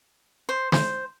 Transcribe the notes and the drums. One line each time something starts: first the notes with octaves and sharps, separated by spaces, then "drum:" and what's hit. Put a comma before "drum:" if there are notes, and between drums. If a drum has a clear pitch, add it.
C5
C5, drum: snare